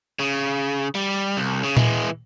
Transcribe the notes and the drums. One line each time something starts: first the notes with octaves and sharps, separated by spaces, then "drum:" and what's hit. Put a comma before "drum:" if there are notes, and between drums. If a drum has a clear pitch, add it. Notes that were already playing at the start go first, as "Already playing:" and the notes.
C#3
G3
C2
C#3
E3 G#3, drum: tom A#2